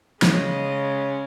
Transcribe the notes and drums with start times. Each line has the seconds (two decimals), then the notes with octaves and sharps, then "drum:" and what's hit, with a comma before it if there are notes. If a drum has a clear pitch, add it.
0.22 C#3 G#3 C#4 D#5, drum: snare